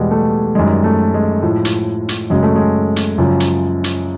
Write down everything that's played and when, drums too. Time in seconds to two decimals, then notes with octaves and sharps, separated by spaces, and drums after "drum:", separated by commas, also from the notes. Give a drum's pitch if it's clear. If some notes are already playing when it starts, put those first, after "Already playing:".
Already playing: E2 B2 G3 G#3
0.11 A3
0.55 F#2 D#3 G3 G#3
0.84 A3
1.14 G#3
1.43 A2 F3
1.65 drum: hi-hat
2.09 drum: hi-hat
2.30 F#2 C#3 F#3 G#3
2.43 A3
2.56 G#3
2.96 drum: hi-hat
3.18 F#2 C#3 F3
3.40 drum: hi-hat
3.84 drum: hi-hat